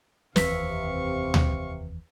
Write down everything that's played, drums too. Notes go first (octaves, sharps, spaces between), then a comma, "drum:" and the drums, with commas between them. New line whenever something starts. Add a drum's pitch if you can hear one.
F1 D#2 C3 E3 B4 F5 C#6 B6, drum: snare
drum: tom D2